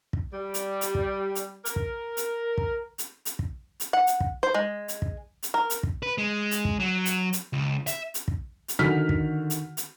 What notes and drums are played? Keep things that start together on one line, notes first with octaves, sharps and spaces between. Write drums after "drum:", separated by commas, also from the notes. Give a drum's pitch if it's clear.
drum: kick
G3
drum: hi-hat
drum: hi-hat
drum: kick
drum: hi-hat
A#4, drum: hi-hat
drum: kick
drum: hi-hat
drum: kick
drum: hi-hat
drum: hi-hat
drum: kick
drum: hi-hat
F#5
drum: hi-hat
drum: kick
C5
G#3
drum: hi-hat
drum: kick
drum: hi-hat
A#4
drum: hi-hat
drum: kick
B4
G#3
drum: hi-hat
drum: kick
F#3
drum: hi-hat
drum: hi-hat
C#2
E5, drum: hi-hat
drum: hi-hat
drum: kick
drum: hi-hat
D3 D#3 F#4 F6 B6
drum: kick
drum: hi-hat
drum: hi-hat